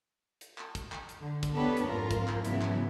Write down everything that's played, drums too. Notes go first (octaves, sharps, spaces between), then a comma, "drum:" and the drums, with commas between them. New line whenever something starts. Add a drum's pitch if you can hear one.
drum: hi-hat
drum: clap
drum: kick, hi-hat
drum: clap
drum: hi-hat
D3
drum: kick, hi-hat
B3 D4 G4 A4 B4 C#5
drum: hi-hat
F2 G#2 F4 A#4
drum: kick, hi-hat
drum: clap
G#2 C#3 E3 F#3 B3 E4, drum: hi-hat
drum: clap